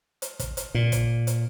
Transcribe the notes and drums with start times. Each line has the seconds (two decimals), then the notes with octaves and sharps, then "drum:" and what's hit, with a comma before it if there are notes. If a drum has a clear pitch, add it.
0.22 drum: hi-hat
0.39 drum: kick, hi-hat
0.57 drum: hi-hat
0.75 A#2
0.92 drum: kick, hi-hat
1.27 drum: hi-hat